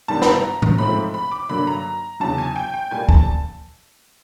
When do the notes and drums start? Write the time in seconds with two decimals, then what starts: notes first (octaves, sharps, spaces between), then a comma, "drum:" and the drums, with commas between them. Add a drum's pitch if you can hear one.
0.08 G2 D#3 G3 B3 A5
0.22 B5, drum: snare
0.26 A#5
0.62 drum: tom A2
0.78 G#2 F3 A3 C4 B5
1.14 B5
1.31 D6
1.49 G2 D3 F#3 A#3 B5
1.67 A#5
2.20 E2 C#3 F#3 A5
2.38 G#5
2.56 G5
2.74 G5
2.91 A#2 G3 A#3 G#5
3.09 A5, drum: kick